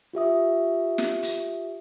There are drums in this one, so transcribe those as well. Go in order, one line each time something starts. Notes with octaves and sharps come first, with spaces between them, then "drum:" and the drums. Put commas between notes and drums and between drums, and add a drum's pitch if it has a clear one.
F4 G4 E5 D#6
drum: snare
drum: hi-hat